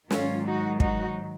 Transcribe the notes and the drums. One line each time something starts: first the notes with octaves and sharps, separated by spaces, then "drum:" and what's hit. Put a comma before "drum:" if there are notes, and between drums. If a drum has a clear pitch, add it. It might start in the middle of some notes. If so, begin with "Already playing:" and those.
G#2 D#3 F#3 C#4 F4, drum: snare
D#4 F#4
D#4 F#4, drum: kick